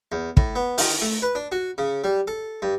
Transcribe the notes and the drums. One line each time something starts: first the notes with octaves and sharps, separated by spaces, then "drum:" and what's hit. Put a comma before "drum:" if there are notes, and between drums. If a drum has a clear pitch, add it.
E2
A2, drum: kick
B3
D#3, drum: open hi-hat
A3
B4
D4
F#4
C#3
G3
A4
G2